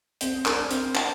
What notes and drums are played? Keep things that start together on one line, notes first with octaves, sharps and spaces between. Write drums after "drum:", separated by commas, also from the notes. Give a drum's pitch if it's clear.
C4 C5, drum: hi-hat
D4 A#4, drum: clap
C4 C5, drum: hi-hat
D4, drum: clap